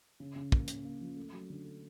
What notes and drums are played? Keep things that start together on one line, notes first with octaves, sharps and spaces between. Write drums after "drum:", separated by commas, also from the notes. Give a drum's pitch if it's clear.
C#3
C#3
A#3, drum: kick
C#3, drum: hi-hat
A#3
F3
A3
F#3
D3
A3